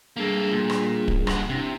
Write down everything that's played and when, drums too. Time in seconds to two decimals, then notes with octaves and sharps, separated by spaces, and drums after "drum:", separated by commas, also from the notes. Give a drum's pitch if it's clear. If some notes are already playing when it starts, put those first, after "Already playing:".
0.16 G3 A#3 D4 G#4 A4
0.51 A#2
0.70 drum: rim click
1.08 drum: kick
1.27 G2 F#5, drum: rim click
1.50 C3 D4 E4